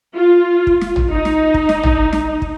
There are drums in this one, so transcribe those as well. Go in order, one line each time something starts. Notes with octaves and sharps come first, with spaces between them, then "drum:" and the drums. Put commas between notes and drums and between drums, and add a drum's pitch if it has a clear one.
F4
drum: kick
drum: snare
drum: tom
D#4
drum: snare
drum: kick
drum: snare
drum: tom
drum: snare
drum: kick